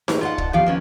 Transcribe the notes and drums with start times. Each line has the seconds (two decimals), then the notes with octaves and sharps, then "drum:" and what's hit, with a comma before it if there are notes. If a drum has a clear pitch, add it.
0.08 A3 G#4 B4 A#5, drum: snare D#4
0.21 F4 D5 D#5 F#5 A5
0.38 drum: kick
0.53 D#2 F3 B3 G4 F5
0.66 A#3 B3 C#4